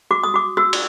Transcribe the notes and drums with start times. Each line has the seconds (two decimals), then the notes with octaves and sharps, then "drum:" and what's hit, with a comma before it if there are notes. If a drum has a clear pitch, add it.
0.11 F#4 D6
0.23 D#6
0.34 F#4 D6
0.57 F#4 E6
0.73 drum: cymbal